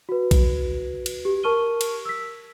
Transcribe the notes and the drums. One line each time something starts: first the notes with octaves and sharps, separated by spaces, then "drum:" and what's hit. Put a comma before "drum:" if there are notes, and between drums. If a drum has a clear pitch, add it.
F#4 B4
drum: kick B1, cymbal
drum: cymbal
G4
A#4 A5 C#6 F6 D#7 G7
drum: cymbal
E6 B6